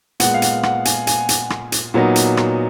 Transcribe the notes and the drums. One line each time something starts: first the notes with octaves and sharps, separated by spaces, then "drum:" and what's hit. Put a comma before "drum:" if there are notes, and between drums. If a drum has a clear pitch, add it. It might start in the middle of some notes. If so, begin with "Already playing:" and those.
A#2 G#3 B3 F#5, drum: hi-hat
F5
F#5, drum: hi-hat
F#5, drum: rim click
G#5, drum: hi-hat
G#5, drum: hi-hat
drum: hi-hat
drum: rim click
drum: hi-hat
A#2 F#3 B3 D#4
drum: hi-hat
drum: rim click